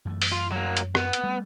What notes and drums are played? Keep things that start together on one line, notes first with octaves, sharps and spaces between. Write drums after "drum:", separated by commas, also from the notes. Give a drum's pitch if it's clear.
F#2 E3 A3
drum: open hi-hat
F4
F#3 A#3
drum: hi-hat
B3, drum: rim click
drum: hi-hat
G3 A3